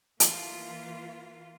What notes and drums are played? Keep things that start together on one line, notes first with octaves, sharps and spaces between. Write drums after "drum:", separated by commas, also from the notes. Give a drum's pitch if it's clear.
E3 A#3 F4, drum: hi-hat